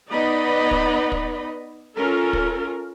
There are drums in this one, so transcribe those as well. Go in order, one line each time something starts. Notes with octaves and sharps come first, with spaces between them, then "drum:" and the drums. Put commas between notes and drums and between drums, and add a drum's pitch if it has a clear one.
B3 D#4 D5 D#5 B5
drum: kick
drum: kick
C#4 F4 A4 A#4
drum: kick